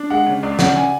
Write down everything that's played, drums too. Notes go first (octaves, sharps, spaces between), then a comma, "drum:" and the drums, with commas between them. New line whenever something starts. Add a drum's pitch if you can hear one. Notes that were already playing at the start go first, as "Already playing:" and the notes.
Already playing: D4
G#3 F#5
C#3
C#2 D5
C#3 F#5, drum: snare
G#5